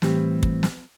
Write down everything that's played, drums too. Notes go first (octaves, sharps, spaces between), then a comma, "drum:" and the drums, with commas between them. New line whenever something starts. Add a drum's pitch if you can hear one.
A2 E3 G3 C4 G4, drum: snare
drum: kick
drum: snare